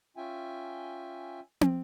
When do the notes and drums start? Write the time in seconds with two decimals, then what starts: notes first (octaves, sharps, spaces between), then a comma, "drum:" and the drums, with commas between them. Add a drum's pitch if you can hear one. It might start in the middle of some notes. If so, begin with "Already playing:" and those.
0.17 C#4 F4 E5 G5 G#5
1.61 drum: tom